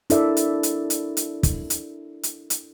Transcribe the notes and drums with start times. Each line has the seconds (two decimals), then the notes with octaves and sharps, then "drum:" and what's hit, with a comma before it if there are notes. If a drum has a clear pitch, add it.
0.10 D4 E4 A4 A#4 D5 E5, drum: hi-hat
0.37 drum: hi-hat
0.63 drum: hi-hat
0.90 drum: hi-hat
1.17 drum: hi-hat
1.43 drum: kick, hi-hat
1.70 drum: hi-hat
2.23 drum: hi-hat
2.50 drum: hi-hat